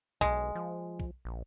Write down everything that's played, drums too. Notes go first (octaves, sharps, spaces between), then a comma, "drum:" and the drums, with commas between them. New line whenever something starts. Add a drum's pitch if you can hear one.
B1 G#3, drum: kick B1
F3
drum: kick B1
A#1